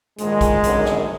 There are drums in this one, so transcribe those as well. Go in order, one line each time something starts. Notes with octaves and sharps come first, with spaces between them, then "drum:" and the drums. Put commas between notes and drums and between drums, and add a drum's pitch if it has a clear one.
A#1 G#2 D#3 G#3, drum: hi-hat
drum: kick, hi-hat
G#1 F#2 D3, drum: hi-hat
drum: snare